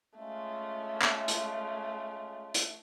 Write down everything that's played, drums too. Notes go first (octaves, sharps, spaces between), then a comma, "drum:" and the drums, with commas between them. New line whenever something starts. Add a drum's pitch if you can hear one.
G#3 A3 C#4 F4
drum: clap
drum: hi-hat
drum: hi-hat